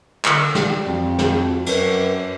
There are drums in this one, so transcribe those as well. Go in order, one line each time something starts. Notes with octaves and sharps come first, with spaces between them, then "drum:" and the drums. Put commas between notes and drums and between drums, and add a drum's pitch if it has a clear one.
D3, drum: clap
E3 G3, drum: snare
F2 F#4
drum: snare
F#2 B4, drum: cymbal